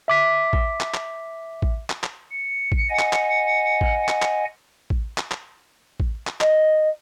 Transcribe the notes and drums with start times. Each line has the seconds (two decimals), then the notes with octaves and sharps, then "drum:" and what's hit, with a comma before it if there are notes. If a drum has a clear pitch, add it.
0.08 E5 D6 B6
0.53 drum: kick A1
0.80 drum: clap
0.94 drum: clap
1.62 drum: kick A1
1.90 drum: clap
2.03 drum: clap
2.31 C#7
2.72 drum: kick A1
2.90 D#5 F#5 G#5
2.99 drum: clap
3.13 drum: clap
3.81 drum: kick A1
4.08 drum: clap
4.22 drum: clap
4.90 drum: kick A1
5.18 drum: clap
5.31 drum: clap
6.00 drum: kick A1
6.27 drum: clap
6.41 D#5, drum: clap